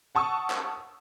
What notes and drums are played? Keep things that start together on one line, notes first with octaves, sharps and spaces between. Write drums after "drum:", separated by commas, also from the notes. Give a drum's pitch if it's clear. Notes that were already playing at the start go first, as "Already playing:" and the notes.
F#5 A5 C#6 D#6 E6
drum: clap